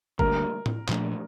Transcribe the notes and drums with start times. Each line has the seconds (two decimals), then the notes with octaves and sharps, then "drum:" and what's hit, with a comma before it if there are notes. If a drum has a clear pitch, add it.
0.19 D2 D3 G3 A#3 A#4, drum: kick
0.66 drum: tom A2
0.89 A#2 F3 A3 D4, drum: clap